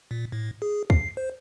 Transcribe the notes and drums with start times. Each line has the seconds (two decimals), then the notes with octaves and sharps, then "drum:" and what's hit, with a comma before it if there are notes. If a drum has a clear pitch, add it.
0.11 A#2
0.32 A2
0.62 G#4
0.90 C7, drum: kick
1.17 C5